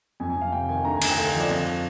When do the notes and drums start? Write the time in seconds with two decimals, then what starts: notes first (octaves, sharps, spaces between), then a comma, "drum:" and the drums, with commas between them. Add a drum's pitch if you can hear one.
0.20 F2 G#5
0.30 G#5
0.36 F2
0.41 F5
0.52 C3 G5
0.68 D#3 G#5
0.85 D2 A#5
0.96 G#5
1.02 D2, drum: cymbal
1.07 G5
1.17 D3 F5
1.29 D#5
1.35 F3 D5
1.50 F2 F5